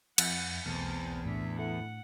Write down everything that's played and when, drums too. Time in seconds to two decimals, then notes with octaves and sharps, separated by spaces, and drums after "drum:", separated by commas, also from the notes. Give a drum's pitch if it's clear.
0.18 F2 E5 F#5 F#6, drum: cymbal
0.66 B1 E2 A3 C4 A5 F6
1.25 A2 D4 E5
1.59 A3 E4 F#5